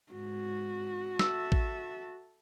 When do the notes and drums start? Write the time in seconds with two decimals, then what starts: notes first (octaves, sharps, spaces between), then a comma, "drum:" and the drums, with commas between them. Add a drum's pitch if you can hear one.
0.13 G#2 F#4
1.19 A4 E5 E6, drum: snare
1.52 drum: kick